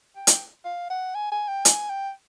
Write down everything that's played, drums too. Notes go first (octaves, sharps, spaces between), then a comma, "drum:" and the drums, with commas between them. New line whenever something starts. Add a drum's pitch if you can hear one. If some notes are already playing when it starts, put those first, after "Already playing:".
G5
drum: hi-hat
F5
F#5
G#5
G#5
G5
G#5, drum: hi-hat
G5